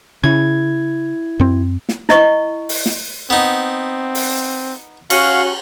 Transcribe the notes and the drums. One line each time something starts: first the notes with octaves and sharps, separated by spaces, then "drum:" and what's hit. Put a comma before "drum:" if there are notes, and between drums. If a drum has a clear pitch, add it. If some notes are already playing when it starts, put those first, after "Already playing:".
C#3 E4 G#6
F#2 C4
drum: snare
E4 D#5 C#6, drum: snare
drum: open hi-hat
drum: snare
B3 C4 D#4
drum: open hi-hat
C#4 F#4 F5, drum: cymbal